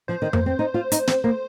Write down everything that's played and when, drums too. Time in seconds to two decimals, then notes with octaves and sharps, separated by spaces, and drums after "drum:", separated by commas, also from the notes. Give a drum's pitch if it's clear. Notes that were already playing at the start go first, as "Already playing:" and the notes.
0.08 F3 C5
0.22 D#3
0.33 A#3, drum: tom F2
0.46 C4
0.59 D#4
0.74 F4
0.92 D#4, drum: hi-hat
1.07 C4, drum: snare
1.24 A#3